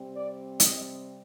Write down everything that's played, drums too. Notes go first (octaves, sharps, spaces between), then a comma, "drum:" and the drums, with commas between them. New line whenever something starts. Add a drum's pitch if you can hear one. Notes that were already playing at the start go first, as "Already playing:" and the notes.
Already playing: C3 G3 C4
D5
D#5, drum: hi-hat